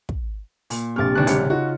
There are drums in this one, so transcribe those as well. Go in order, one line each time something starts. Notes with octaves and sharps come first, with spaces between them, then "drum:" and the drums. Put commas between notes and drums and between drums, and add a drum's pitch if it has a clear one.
drum: kick
A#2, drum: open hi-hat
A#1 C3 G4 C#6 D6 F6 A6
G1 D#2 D4 F#6
G#1 C#3 G3 C#4 C#7, drum: hi-hat
D#4 F4 F#4